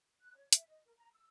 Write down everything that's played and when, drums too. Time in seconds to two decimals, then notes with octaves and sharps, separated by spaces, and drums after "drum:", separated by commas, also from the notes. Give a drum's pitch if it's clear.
0.21 F#6
0.35 C#5
0.53 E5, drum: hi-hat
0.69 D#5
0.85 A#4
0.98 A#5
1.13 E6